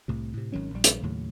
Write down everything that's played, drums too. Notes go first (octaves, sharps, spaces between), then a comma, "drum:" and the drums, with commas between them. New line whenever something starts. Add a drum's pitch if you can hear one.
C2 A2 C3
A2 C3
G#1 D#3 F#3 C#4
A#1 G3
drum: hi-hat
D#2 A2 C#3 F#3